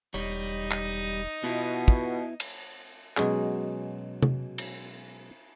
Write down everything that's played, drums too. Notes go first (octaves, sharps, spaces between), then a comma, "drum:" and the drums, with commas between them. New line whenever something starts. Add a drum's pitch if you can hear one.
E1 G3 D#4 C#5 D#5
drum: clap
B2 B3 E4 F4
drum: kick
drum: cymbal
B2 F#3 G#3 C#4 G#4, drum: clap
drum: tom C3
drum: cymbal